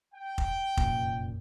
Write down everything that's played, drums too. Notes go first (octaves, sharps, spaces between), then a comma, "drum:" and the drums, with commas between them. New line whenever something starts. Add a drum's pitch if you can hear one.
G5
drum: kick F1
F1 F#2 A#2, drum: kick F1